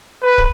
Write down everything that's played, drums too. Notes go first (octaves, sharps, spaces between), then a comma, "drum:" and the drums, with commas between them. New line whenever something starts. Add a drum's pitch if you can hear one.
B4
drum: kick